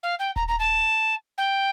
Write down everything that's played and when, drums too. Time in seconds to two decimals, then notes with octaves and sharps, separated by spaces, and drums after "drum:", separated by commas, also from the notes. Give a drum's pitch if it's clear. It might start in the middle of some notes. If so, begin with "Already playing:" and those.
0.03 F5
0.19 G5
0.36 A#5, drum: kick D#1
0.48 A#5
0.59 A5
1.38 G5